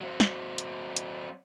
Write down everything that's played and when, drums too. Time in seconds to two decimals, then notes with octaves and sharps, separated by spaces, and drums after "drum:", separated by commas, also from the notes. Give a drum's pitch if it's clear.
0.01 F#3 C4
0.20 drum: snare
0.58 drum: hi-hat
0.96 drum: hi-hat